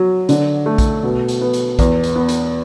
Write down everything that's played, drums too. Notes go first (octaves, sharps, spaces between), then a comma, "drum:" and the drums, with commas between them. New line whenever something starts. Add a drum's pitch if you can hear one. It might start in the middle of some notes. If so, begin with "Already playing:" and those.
Already playing: F#3
D3, drum: hi-hat
A3
drum: kick A#1, hi-hat
B2
drum: hi-hat
B3
drum: hi-hat
E2, drum: kick A#1, hi-hat
drum: hi-hat
B3
drum: hi-hat